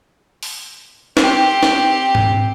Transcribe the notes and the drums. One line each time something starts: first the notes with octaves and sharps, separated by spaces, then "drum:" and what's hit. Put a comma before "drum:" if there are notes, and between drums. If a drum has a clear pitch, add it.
drum: open hi-hat
C4 G4, drum: snare D#4
drum: snare D#4
drum: tom G#2